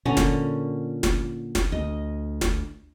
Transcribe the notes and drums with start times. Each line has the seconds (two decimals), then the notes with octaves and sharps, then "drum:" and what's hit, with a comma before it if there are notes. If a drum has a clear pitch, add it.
0.05 A#2 D3 C#4 A#5
0.17 drum: snare
1.03 drum: snare
1.55 drum: snare
1.72 D2 D#5
2.41 drum: snare